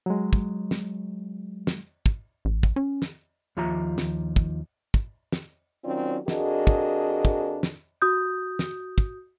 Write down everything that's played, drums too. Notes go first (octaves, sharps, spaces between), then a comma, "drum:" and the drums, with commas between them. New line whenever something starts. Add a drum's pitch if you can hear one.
F#3 G#3
drum: kick
drum: snare
drum: snare
drum: kick
A1
drum: kick
C#4
drum: snare
D#2 F3 F4 E5 A#5
drum: snare
drum: kick
drum: kick
drum: snare
D#3 F#3 C4 C#4 F4 D5
F2 D4 F#4 G#4 A#4 D#5, drum: snare
drum: kick
drum: kick
drum: snare
F#4 D#6 G6
drum: snare
drum: kick